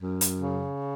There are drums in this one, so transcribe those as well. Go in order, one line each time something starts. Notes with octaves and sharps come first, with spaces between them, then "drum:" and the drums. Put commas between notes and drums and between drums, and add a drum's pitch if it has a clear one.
F#2
drum: hi-hat
C#3